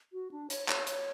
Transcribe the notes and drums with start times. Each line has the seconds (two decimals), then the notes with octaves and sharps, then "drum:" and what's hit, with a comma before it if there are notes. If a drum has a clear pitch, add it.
0.13 F#4
0.31 D4
0.50 C#5, drum: hi-hat
0.68 C#5, drum: clap
0.87 C#5, drum: hi-hat